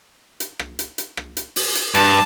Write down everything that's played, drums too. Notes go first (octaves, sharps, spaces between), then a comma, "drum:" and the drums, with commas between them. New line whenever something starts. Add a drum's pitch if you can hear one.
drum: hi-hat
drum: rim click
drum: hi-hat
drum: hi-hat
drum: rim click
drum: hi-hat
drum: open hi-hat
drum: hi-hat
G2 A5, drum: hi-hat